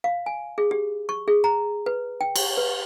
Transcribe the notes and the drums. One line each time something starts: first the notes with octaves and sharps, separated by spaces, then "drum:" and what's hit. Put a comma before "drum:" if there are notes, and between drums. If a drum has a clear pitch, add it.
F5
G#5
G#4
G4
C#6
G#4
A#5
B4
G5
drum: cymbal
B4